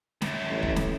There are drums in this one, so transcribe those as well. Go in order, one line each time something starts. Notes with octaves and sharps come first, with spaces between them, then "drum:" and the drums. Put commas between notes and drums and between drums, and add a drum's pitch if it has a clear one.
F#2 A3, drum: snare
A1
drum: kick
drum: snare